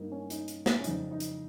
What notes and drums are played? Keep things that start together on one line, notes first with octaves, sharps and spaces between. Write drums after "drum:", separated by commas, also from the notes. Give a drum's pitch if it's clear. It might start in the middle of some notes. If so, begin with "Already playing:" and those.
Already playing: G2 D#3 G3 A#3 D#4
C#4
D#4, drum: hi-hat
drum: hi-hat
drum: snare
C#4
F2 C#3 G3 D#4, drum: hi-hat
D#4
drum: hi-hat